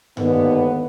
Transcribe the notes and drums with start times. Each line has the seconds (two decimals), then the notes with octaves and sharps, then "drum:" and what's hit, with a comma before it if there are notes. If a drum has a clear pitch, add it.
0.17 D#2 G#2 D3 B3, drum: tom G2